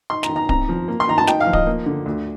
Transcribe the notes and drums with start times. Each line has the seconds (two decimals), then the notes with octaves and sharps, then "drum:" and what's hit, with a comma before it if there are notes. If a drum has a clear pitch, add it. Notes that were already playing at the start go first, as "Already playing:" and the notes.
0.10 D#4 C6
0.23 A#5, drum: snare
0.29 D#3
0.36 A#5
0.49 C4 A#5, drum: kick D1
0.69 F3
0.88 A#3
1.00 C6
1.08 D#3 A#5
1.18 A5
1.27 D#4 G5, drum: snare
1.40 F5
1.47 F3
1.53 D#5, drum: kick D1
1.66 A#3
1.86 D3
2.06 D2